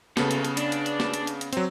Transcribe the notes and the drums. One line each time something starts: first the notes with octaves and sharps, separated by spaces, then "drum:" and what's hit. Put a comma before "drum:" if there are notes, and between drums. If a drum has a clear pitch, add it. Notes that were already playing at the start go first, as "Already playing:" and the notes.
C2 C#3 B3 A4, drum: snare
drum: hi-hat
drum: hi-hat
D4, drum: hi-hat
drum: hi-hat
drum: hi-hat
drum: snare
drum: hi-hat
drum: hi-hat
drum: hi-hat
F#3 C4, drum: hi-hat